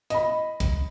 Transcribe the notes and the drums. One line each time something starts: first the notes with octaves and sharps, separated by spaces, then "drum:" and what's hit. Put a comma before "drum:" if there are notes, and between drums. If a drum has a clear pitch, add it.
D#5 B5, drum: hi-hat
drum: kick C#2, hi-hat